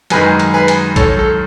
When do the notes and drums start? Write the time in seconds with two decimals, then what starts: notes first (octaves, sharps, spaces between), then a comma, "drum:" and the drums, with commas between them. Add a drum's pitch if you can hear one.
0.10 F#2 D#3 G#3 G#4 B4, drum: hi-hat
0.40 drum: hi-hat
0.54 G#4 B4
0.68 drum: hi-hat
0.96 A4 C#5, drum: kick, hi-hat
1.19 A4